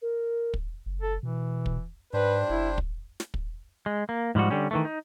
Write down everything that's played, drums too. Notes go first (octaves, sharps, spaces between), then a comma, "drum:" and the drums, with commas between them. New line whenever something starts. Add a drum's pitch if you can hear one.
A#4
drum: kick
F#1
A4
B2 E3
drum: kick
G#2 G3 D4 B4 C5
F#1 E4
drum: kick
drum: snare
drum: kick
G#3
A#3
G#2 F3 G3 F#4
D3 G3 C#4
D#3 E3 A3
D#4